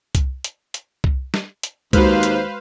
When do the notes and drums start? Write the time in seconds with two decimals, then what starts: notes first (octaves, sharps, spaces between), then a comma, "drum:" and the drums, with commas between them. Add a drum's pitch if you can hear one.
0.15 drum: kick C2, hi-hat
0.44 drum: hi-hat
0.74 drum: hi-hat
1.04 drum: kick C2
1.34 drum: snare
1.63 drum: hi-hat
1.93 D#2 G#3 F#4 B4 C5 F5, drum: kick C2, hi-hat
2.23 drum: hi-hat